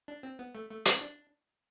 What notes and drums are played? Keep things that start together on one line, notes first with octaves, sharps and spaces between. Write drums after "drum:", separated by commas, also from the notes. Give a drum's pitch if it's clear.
D4
C4
B3
A3
A3
C4, drum: hi-hat
D4